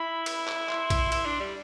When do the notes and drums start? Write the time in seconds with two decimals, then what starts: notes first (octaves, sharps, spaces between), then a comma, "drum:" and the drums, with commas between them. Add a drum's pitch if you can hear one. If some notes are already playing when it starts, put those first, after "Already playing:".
Already playing: E4 B5
0.26 drum: cymbal
0.48 drum: clap
0.69 C6, drum: clap
0.90 drum: kick, cymbal
1.12 E4, drum: cymbal
1.26 D4
1.40 G3